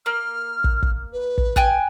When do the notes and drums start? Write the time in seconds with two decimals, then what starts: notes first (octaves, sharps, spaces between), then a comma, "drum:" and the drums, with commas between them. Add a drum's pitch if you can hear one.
0.06 A#3 F6
0.64 drum: kick
0.83 drum: kick
1.13 B4
1.38 drum: kick
1.56 G5 G#5 F#6, drum: kick